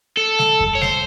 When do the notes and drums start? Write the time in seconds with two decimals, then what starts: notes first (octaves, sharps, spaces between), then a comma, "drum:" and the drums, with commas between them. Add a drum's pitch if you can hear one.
0.17 A4
0.39 drum: snare G3
0.60 drum: kick F2
0.75 C#5
0.82 C5, drum: snare G3